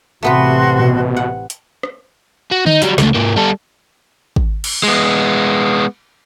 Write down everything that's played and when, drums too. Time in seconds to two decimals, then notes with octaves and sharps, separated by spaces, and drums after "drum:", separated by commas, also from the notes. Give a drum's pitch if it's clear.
0.23 A1 C3 A3 B3 F#4 B4 C6
0.80 B2
1.17 F#5
1.50 drum: hi-hat
1.83 drum: rim click
2.52 F#4
2.66 D#4, drum: tom D3
2.82 F#3 G3, drum: hi-hat
2.98 C#2 A3, drum: snare
3.15 G#2 A#3
3.37 G3 A4
4.36 drum: kick
4.64 drum: cymbal
4.83 G#3 B3